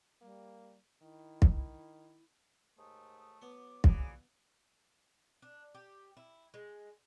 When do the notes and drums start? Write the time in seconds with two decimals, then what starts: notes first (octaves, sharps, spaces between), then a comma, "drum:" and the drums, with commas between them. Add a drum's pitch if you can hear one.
0.21 G3 A#3
1.02 D#3 E4
1.42 drum: kick
2.78 D#2 G#2 A3 D#6
3.42 F#3 B3 D6
3.84 A#2 E3 F#4 G#4, drum: kick
5.42 D4
5.75 G4
6.17 E4
6.54 G#3